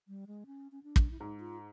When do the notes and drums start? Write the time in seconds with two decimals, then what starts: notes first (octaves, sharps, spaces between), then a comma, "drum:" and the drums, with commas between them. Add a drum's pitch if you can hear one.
0.08 G3
0.27 G#3
0.46 C#4
0.72 C#4
0.83 D4
0.96 drum: kick
1.11 E4
1.20 G#2 D#4
1.40 F4